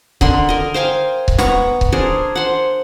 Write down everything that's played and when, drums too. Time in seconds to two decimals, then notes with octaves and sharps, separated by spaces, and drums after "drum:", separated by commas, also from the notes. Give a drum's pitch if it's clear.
0.21 D3 A#4 B5 C6, drum: kick C#1
0.49 A#4 D#5
0.74 C5 F5 G5 G#5
1.28 drum: kick C#1
1.38 B3 A#5 C#6, drum: snare
1.81 drum: kick C#1
1.92 D4 G#4 A#4 C5
2.35 C5 F#5